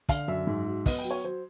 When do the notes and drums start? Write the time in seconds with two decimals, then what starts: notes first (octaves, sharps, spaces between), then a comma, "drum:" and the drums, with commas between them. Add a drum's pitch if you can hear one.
0.09 D3 F5, drum: kick, hi-hat
0.28 F#2 E5
0.47 G#2
0.66 F#3
0.86 B3 D#5, drum: kick, open hi-hat
0.98 G5
1.04 F#3
1.11 C#5
1.24 F#3 C5